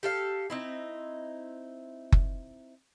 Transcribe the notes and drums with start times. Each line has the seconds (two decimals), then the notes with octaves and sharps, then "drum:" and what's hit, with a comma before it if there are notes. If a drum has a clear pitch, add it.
0.03 G4 A4 F5
0.50 C4 D#4 E4
2.12 drum: kick F#1